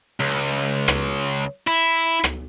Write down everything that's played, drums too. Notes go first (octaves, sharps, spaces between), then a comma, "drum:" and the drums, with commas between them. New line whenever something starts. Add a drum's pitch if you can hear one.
C#2
drum: rim click
E4
drum: rim click